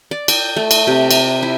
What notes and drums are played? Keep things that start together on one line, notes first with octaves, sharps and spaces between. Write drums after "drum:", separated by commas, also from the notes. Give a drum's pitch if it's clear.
D5
G5, drum: cymbal
A3
drum: cymbal
C3
A#5, drum: cymbal
E4